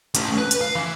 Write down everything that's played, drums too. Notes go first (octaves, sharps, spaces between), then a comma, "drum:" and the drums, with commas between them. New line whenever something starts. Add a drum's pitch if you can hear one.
A3 C#4, drum: hi-hat
B4
drum: hi-hat
F5
E3